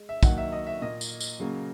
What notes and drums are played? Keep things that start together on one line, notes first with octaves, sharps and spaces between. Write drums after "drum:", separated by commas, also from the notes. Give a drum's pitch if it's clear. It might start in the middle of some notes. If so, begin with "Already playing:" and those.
Already playing: G#3
E5
D#3 F#3 A#3 F#5, drum: kick, tambourine
E5
D#5
E5
A#2 A#3 D#5
drum: tambourine
drum: tambourine
C#3 F#3 A#3